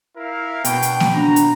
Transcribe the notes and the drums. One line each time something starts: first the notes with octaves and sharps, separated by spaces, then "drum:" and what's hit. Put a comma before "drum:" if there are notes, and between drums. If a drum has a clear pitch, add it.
E4 A#4 F5
B2 B3 D4 G5, drum: hi-hat
drum: hi-hat
drum: snare A#3
D4 F#4 A#5
drum: hi-hat